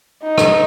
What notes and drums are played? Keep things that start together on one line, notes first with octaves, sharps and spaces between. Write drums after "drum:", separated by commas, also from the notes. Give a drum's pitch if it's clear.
D#4
drum: rim click